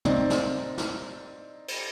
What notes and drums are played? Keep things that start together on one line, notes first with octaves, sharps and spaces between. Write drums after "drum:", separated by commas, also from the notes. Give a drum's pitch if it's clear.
C4 D4 D#4, drum: tom
drum: snare
drum: snare
drum: cymbal